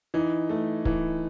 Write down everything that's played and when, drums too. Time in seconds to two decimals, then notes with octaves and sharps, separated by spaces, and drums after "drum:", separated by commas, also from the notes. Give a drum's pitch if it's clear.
0.14 E3 D#4
0.49 A3
0.85 E3 D#4, drum: kick C#1